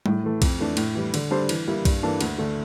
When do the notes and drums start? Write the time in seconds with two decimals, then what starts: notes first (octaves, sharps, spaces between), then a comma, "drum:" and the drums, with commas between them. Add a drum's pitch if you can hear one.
0.06 A2, drum: tom G3
0.23 E3 A3
0.42 F2, drum: kick B1, cymbal
0.60 E3 A3 D4
0.77 A2, drum: cymbal
0.95 E3 G3
1.14 D3, drum: cymbal
1.31 G3 D4 A4 C5
1.49 E3, drum: cymbal
1.68 G3 A#3 E4
1.85 G2, drum: kick B1, cymbal
2.03 E3 A#3 D4 A4
2.21 D2, drum: cymbal
2.38 D3 A3